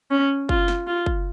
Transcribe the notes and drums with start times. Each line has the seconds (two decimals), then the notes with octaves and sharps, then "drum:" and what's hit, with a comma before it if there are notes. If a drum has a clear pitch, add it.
0.11 C#4
0.49 F4, drum: kick
0.68 drum: snare
0.87 F4
1.06 drum: kick